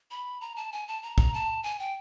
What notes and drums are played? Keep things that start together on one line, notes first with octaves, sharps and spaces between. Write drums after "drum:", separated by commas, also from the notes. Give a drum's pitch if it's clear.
B5
A#5
A5
G#5
A5
A#5
A#5, drum: kick
A5
G#5
G5